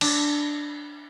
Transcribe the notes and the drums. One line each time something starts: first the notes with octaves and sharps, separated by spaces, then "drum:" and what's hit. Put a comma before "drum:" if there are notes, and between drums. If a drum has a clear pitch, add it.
D4, drum: cymbal